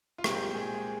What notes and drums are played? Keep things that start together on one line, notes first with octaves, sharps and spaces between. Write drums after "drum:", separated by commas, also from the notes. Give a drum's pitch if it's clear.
F4
C2 A#2 G#3 C4 G4, drum: rim click
G#4